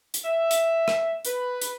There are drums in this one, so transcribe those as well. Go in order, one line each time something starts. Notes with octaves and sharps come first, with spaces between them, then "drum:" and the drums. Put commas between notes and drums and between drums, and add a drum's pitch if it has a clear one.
drum: hi-hat
E5
drum: hi-hat
drum: rim click
B4, drum: hi-hat
drum: hi-hat